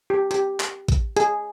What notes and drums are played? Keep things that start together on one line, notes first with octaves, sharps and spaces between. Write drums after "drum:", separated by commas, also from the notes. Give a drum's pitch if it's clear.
G4
G4, drum: hi-hat
drum: clap
drum: kick A1, hi-hat
G#4, drum: hi-hat